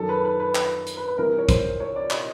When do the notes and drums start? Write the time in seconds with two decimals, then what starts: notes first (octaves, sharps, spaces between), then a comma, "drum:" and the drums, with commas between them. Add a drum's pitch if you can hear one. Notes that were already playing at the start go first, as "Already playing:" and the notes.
Already playing: F#2 D#3 A4
0.09 B4
0.25 B4
0.40 B4
0.55 B4, drum: clap
0.87 drum: hi-hat
0.97 B4
1.07 B4
1.18 C2 C3 E3 A#4
1.38 C#5
1.49 C5, drum: kick, hi-hat
1.80 C#5
1.96 D5
2.11 D#5, drum: clap